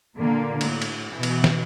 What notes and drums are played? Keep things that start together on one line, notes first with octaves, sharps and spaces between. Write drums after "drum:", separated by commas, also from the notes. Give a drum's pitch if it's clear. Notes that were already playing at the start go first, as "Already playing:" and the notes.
A#2 D3 A#3
A2, drum: cymbal
drum: cymbal
B2 E3
drum: cymbal
drum: snare